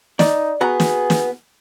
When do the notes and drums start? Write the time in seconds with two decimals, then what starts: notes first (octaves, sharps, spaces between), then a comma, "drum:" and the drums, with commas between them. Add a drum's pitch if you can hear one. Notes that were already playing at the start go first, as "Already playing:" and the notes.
0.19 D#4 D5, drum: snare
0.61 B3 F#4 G#4 A#5
0.80 drum: snare
1.10 drum: snare